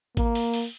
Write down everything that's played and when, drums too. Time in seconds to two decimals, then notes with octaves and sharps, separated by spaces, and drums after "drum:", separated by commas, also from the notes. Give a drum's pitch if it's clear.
0.17 A#3, drum: kick G#1, hi-hat
0.35 drum: open hi-hat
0.53 drum: open hi-hat